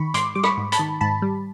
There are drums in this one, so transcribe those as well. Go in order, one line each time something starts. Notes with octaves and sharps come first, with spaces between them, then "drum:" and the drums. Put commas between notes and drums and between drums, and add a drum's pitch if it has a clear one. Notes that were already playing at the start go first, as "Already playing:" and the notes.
Already playing: D#3 B5 C#6
G#2 C6 D6, drum: hi-hat
G3 D6
B5 C#6, drum: rim click
G#2
A5 B5, drum: hi-hat
D#3
G#2 A5 B5
G3